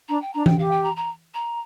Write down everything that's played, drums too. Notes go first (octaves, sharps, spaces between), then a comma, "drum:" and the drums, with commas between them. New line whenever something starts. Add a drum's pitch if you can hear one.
D4 A#5
G5
D4 A#5
G5, drum: tom E3
G4 F5
G5
A#5
A#5
A#5